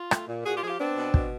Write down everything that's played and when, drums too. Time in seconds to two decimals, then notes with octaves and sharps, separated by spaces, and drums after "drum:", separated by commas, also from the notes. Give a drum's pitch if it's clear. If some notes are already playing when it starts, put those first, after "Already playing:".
Already playing: F4
0.11 A3, drum: rim click
0.28 A#2
0.45 A#2 F#4 G#4
0.56 F4 G4
0.62 F3 G#4
0.67 F4 G4
0.79 B3 C4 D4
0.96 B2
1.14 B2, drum: kick